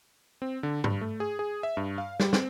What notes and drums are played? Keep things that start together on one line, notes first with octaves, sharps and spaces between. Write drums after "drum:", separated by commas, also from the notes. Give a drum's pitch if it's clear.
C4
D3
G2, drum: tom G#2
A3
G#4
G#4
E5
G2
F5
G3, drum: snare
C4, drum: snare